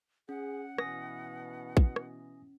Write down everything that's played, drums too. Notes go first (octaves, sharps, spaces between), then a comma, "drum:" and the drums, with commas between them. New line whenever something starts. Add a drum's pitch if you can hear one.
C#4 G#4 F#5
B2 E3 G#5 D#6 A#6, drum: rim click
drum: kick
drum: rim click